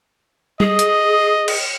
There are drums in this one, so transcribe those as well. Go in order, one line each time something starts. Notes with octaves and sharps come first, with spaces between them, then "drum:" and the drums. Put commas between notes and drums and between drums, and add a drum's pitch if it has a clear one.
G#4 D#5, drum: tom G3
drum: hi-hat
drum: cymbal